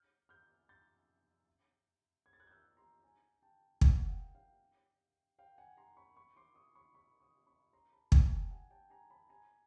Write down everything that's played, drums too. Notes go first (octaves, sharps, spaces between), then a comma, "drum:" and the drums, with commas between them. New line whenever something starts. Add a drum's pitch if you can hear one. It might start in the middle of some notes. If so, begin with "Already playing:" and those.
Already playing: F6 G6
F6 G6
G6 A6
G#6
A6
F#6 G#6
G6
E6 F#6
A#5 C6
G#5 A#5
G5 A5
F#5 G#5, drum: kick
F#5
F5 G5
F5 G5
F5 G5
F#5 G#5
A#5 C6
B5 C#6
B5 C#6
C6 D6
C#6 D#6
B5 C#6
B5 C#6
C#6 D#6
B5 C#6
A#5 C6
A5 B5
G#5 A#5, drum: kick
G5 A5
F#5 G#5
G5 A5
G#5 A#5
A5 B5
G#5 A#5